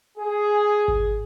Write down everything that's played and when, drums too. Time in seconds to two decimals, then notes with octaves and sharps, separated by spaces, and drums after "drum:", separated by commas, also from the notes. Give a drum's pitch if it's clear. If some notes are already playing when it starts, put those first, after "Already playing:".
0.18 G#4
0.88 drum: kick G#1